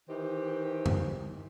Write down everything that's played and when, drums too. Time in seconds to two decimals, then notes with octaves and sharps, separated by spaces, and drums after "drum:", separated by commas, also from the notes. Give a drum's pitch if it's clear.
0.09 D#3 E3 D#4 G4 C5
0.86 drum: tom F#2